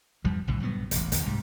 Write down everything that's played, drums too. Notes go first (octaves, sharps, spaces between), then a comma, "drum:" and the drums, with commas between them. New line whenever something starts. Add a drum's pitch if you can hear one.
E2 G2 F3 G3
F#1 B1 A2 D3
A#1 G2 F#3 B3
E1 A1, drum: hi-hat
E1 D#3 B3, drum: hi-hat
C2 G#2 G3